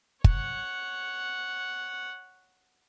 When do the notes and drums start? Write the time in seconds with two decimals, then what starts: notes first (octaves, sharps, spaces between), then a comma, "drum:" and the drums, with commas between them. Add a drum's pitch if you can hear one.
0.24 C#5 F#5, drum: kick